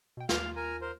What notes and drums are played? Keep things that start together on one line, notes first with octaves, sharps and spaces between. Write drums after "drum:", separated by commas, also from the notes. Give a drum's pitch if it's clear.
B2 G5
D#2 F4 F5, drum: snare
A#4 G#5 A#5
A#4 C5